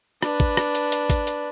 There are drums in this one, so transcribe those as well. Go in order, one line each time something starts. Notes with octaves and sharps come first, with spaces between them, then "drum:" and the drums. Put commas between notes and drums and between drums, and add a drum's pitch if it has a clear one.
D4 B4, drum: rim click
drum: kick
drum: rim click
drum: hi-hat
drum: hi-hat
drum: kick, hi-hat
drum: hi-hat